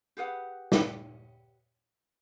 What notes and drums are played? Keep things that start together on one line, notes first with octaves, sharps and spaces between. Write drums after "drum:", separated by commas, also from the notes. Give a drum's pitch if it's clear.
G4 G#4 B4 F#5
drum: snare